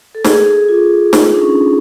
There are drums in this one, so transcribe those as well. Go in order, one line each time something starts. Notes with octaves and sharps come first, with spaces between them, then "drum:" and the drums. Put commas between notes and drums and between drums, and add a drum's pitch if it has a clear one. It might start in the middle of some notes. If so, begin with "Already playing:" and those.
A4
G#4, drum: snare
F4
D#4, drum: snare
D4
C#4